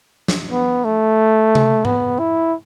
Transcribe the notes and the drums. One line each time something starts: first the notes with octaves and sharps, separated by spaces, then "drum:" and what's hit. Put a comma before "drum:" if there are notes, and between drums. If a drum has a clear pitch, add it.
drum: snare
B3
A3
drum: tom C3
B3, drum: tom G#2
E4